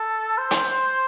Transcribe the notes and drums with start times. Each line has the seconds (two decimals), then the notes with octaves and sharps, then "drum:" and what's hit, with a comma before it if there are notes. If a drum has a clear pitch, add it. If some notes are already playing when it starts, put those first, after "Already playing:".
Already playing: A4
0.38 C5
0.51 drum: hi-hat